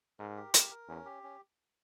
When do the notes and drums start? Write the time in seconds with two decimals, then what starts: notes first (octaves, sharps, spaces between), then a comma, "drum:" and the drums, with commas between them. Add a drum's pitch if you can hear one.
0.19 G#2 A#4
0.37 G4
0.54 A#4, drum: hi-hat
0.71 A#4
0.88 E2 C#4
1.05 G4
1.23 C#4